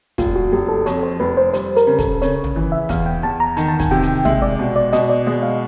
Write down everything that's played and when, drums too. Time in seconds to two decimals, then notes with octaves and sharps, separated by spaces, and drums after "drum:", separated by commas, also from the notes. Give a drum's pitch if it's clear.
0.18 F1 F4, drum: kick, hi-hat
0.36 F#4
0.52 F1 G4
0.69 A4
0.86 F2 C#5, drum: hi-hat
1.03 C5
1.20 F1 B4
1.37 C5
1.53 G3 C5, drum: hi-hat
1.77 A#4, drum: hi-hat
1.87 C#3
1.99 A4, drum: kick, hi-hat
2.22 C#3 C#5, drum: hi-hat
2.44 drum: tom
2.56 E3
2.72 E5
2.89 E2 F5, drum: kick, hi-hat
3.06 G5
3.23 E2 A5
3.40 A#5
3.57 D#3 A5, drum: hi-hat
3.68 A5
3.80 G#5, drum: kick, hi-hat
3.91 C3 G5
4.02 drum: hi-hat
4.25 G#3 E5, drum: tom
4.42 D5
4.59 B2
4.76 D5
4.93 B2 D#5, drum: hi-hat
5.09 D5
5.27 G#3 D#5
5.43 F5